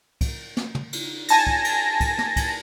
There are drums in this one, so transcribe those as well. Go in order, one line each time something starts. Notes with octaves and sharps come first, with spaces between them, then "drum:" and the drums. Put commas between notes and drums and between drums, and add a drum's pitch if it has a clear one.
drum: kick, cymbal
drum: snare
drum: tom
drum: cymbal
G#5 A5 A#6, drum: cymbal
drum: kick
drum: cymbal
drum: kick, cymbal
drum: snare
drum: kick, cymbal